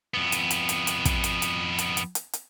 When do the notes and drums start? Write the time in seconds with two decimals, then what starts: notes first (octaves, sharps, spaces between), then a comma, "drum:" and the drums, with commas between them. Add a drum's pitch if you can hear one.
0.14 F2 B3
0.32 drum: hi-hat
0.51 drum: hi-hat
0.69 drum: hi-hat
0.87 drum: hi-hat
1.05 drum: kick, hi-hat
1.24 drum: hi-hat
1.42 drum: hi-hat
1.79 drum: hi-hat
1.97 drum: hi-hat
2.15 drum: hi-hat
2.33 drum: hi-hat